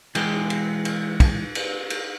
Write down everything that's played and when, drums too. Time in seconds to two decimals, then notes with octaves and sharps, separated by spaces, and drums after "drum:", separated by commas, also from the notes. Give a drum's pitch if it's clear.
0.15 E3 G#3 G5, drum: cymbal
0.50 drum: cymbal
0.85 drum: cymbal
1.20 drum: kick, cymbal
1.55 drum: cymbal
1.90 drum: cymbal